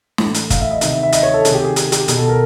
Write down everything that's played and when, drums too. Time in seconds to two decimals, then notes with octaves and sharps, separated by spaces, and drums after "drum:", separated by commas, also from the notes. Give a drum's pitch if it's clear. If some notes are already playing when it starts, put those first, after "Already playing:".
0.18 A2 E3, drum: snare
0.34 drum: hi-hat
0.50 F5, drum: kick, hi-hat
0.61 E5
0.71 D#5
0.81 C3 D#3 D#5, drum: hi-hat
0.92 E5
1.03 E5
1.13 D#5, drum: hi-hat
1.23 C#5
1.34 A4
1.45 C3 D#3 G#4, drum: hi-hat
1.55 G4
1.65 G#4
1.76 G#4, drum: hi-hat
1.92 G4, drum: hi-hat
2.08 B2 G#4, drum: hi-hat
2.18 A4
2.29 A#4